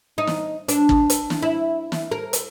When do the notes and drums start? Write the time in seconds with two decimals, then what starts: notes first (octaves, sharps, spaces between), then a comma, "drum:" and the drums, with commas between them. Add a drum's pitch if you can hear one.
0.18 D#4
0.27 drum: snare
0.68 D4, drum: hi-hat
0.89 drum: kick
1.10 drum: hi-hat
1.30 drum: snare
1.42 E4
1.92 drum: snare
2.11 A#4
2.33 drum: hi-hat